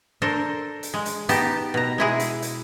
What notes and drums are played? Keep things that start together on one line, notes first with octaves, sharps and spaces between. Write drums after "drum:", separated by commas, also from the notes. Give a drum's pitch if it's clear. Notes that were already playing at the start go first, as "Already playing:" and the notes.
D4 A4 A#4 C5
drum: hi-hat
G#3
drum: hi-hat
B3 D#4 G4 A5, drum: hi-hat
B2 A#5
G#3 E4 G#4
drum: hi-hat
drum: hi-hat